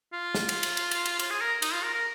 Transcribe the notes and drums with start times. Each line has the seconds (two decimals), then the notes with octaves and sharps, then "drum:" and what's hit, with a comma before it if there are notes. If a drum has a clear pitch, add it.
0.13 F4
0.35 drum: snare
0.49 drum: cymbal
0.63 drum: cymbal
0.77 drum: cymbal
0.91 drum: cymbal
1.05 drum: cymbal
1.19 F4, drum: cymbal
1.30 G#4
1.41 A#4
1.62 D#4, drum: cymbal
1.73 F4
1.84 A#4
1.94 A#4